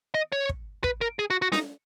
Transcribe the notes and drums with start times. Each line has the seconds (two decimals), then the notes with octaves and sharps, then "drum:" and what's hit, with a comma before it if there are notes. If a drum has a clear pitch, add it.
0.14 D#5
0.32 C#5
0.49 drum: kick
0.84 B4, drum: kick
1.01 A#4
1.19 G#4
1.30 F#4
1.42 F#4
1.52 D#4, drum: snare